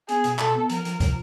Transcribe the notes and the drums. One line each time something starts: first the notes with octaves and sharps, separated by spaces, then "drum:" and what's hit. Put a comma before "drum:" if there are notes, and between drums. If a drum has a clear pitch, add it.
B3 G#4, drum: hi-hat
B2, drum: hi-hat
B2 A4, drum: clap
B3
F3 A#4, drum: hi-hat
F3, drum: hi-hat
F3, drum: kick, hi-hat